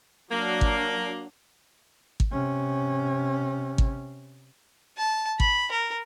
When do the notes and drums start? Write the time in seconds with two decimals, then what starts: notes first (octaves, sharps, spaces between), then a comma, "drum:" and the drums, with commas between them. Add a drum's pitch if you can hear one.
0.31 F#3 A#3 D4
0.61 drum: kick
2.20 drum: kick
2.32 C3 C#4
3.78 drum: kick
4.97 A5
5.40 B5, drum: kick
5.71 A#4